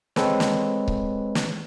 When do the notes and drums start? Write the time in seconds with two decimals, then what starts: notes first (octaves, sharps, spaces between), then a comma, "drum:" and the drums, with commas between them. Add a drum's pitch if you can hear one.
0.16 G#3 C4 A4 B4 C#5, drum: snare
0.40 drum: snare
0.88 drum: kick C#1
1.35 drum: snare